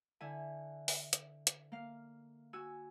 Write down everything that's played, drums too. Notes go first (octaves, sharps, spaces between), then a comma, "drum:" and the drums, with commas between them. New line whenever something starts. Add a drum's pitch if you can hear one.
D3 E4 E5 G#5
drum: open hi-hat
drum: hi-hat
drum: hi-hat
A#3 F5
F#4 G#5 E6